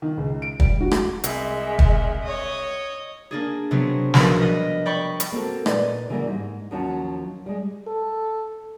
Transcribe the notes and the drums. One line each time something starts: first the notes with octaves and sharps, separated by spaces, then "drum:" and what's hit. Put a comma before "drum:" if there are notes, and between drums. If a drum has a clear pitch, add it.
D#3
C#2
D7
G3, drum: kick
F#4
drum: rim click
C2 G#3 E5, drum: hi-hat
drum: kick
C#5 D#5
A#3 D4 G#4
C3 F#3 B3 C4
B1 F3 A#4 B4, drum: snare
G3 A#4 B4 D#5
D5 G5 B5 C#6
drum: hi-hat
A#3 C4 F#4 A4
A#2 B4 D5 D#5, drum: rim click
C#3 E3 F#3 G3 A#3
G#2
D#2 F3 F#3 C#4 F#4 A5
G3 G#3
A4